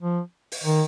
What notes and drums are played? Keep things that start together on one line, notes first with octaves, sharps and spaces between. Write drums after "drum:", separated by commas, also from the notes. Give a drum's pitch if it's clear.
F3
drum: open hi-hat
D#3